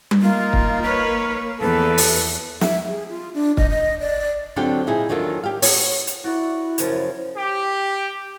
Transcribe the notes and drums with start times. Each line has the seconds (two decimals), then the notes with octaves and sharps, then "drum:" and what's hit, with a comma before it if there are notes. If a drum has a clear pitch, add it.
0.11 drum: tom G3
0.22 A#3 D#4 F4
0.53 drum: kick
0.83 A#4 B4 C#5
1.61 E2 A4 B4
1.98 drum: open hi-hat
2.61 E5, drum: snare
2.88 G#4
3.09 F4
3.34 D4
3.57 D#5, drum: kick
3.69 D#5
4.00 D5
4.56 D3 F#3 C4 D4 F4 G4
4.87 A#2 D#4 E4 G#4
5.09 E2 D#3 F#3 D4 F4 A4
5.44 G4 F5
5.62 B3 C#5, drum: open hi-hat
6.07 drum: hi-hat
6.24 E4 F#4 D5
6.78 F#2 C#3 F3, drum: hi-hat
7.37 G4